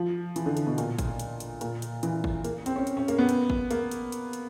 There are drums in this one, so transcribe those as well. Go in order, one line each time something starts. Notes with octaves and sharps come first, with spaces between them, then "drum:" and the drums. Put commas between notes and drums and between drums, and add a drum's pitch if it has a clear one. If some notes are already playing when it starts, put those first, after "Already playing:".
Already playing: F3
E3, drum: hi-hat
D3
drum: hi-hat
B2
A#2, drum: hi-hat
drum: kick G#1, hi-hat
drum: hi-hat
drum: hi-hat
A#2, drum: hi-hat
drum: hi-hat
E3, drum: hi-hat
drum: kick G#1
A#3, drum: hi-hat
C4, drum: hi-hat
C#4
drum: hi-hat
C#4
A#3, drum: hi-hat
B3
drum: hi-hat
drum: kick G#1
A#3, drum: hi-hat
drum: hi-hat
drum: hi-hat
drum: hi-hat